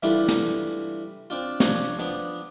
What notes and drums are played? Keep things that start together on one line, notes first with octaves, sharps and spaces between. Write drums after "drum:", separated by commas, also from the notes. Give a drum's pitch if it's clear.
E3 G3 A3 D4 E4 F4
drum: snare
C4 D4 F4
F3 D4 C#5, drum: snare
drum: hi-hat
F3 B3 D4, drum: hi-hat